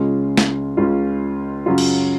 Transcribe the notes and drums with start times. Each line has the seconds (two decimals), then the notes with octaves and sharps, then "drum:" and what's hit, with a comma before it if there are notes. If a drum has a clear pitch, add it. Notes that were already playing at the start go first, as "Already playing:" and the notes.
Already playing: C#2 C#3 G#3 C#4 F4
0.37 drum: snare
0.77 C#2 C#3 G#3 C#4 F4
1.66 F#2 C#3 F#3 C#4 F4
1.78 drum: cymbal